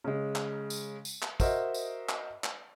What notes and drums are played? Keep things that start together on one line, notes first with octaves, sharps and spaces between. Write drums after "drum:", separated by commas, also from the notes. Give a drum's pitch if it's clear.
C#3 G#3
drum: clap
drum: tambourine
drum: tambourine
drum: clap
F#4 A#4 C5 D#5 E5, drum: kick, tambourine
drum: tambourine
drum: clap
drum: clap